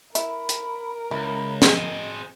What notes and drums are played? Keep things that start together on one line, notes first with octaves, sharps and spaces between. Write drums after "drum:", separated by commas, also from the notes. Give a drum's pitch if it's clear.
E4 A#4 B5, drum: hi-hat
drum: hi-hat
C#2 E4 B5
C4 G#4 D#5, drum: snare